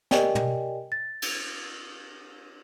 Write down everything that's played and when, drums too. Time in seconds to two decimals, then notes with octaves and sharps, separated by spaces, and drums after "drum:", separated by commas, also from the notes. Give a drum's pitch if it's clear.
0.11 G4 A#4 D5 D#5 G5 G#5, drum: snare
0.35 drum: tom
0.92 A6
1.22 drum: cymbal